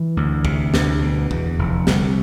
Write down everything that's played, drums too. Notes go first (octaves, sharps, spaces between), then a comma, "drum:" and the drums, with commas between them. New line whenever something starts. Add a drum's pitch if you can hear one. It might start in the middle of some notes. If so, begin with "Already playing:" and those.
Already playing: E3
D2
C3, drum: kick
D2, drum: snare
B2
E2, drum: kick
F1
C2 D3, drum: snare